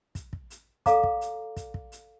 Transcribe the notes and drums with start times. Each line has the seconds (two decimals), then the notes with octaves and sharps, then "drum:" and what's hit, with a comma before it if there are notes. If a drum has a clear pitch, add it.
0.15 drum: kick, hi-hat
0.33 drum: kick
0.50 drum: hi-hat
0.86 A4 D5 F5 A#5 D6, drum: kick, hi-hat
1.03 drum: kick
1.21 drum: hi-hat
1.57 drum: kick, hi-hat
1.74 drum: kick
1.92 drum: hi-hat